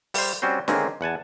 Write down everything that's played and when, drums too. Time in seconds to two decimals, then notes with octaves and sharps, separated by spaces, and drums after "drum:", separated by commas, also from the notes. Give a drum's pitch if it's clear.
0.14 G3 C5, drum: open hi-hat
0.42 G3 C4 C#4 F#4 C5
0.68 D3 D#3 G#3 A#3 C4 C#4, drum: snare
1.01 E2 F#5 G#5 A5